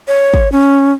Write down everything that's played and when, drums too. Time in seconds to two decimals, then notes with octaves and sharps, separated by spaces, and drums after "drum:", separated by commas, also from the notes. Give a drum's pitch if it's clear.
0.08 C#5
0.34 drum: kick
0.52 C#4